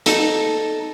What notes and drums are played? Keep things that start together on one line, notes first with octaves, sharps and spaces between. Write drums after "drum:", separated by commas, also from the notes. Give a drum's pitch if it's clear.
D#4 A4, drum: hi-hat